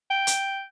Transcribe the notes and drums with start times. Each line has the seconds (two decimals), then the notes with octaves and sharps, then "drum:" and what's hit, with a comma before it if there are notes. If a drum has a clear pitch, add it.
0.10 G5
0.27 drum: hi-hat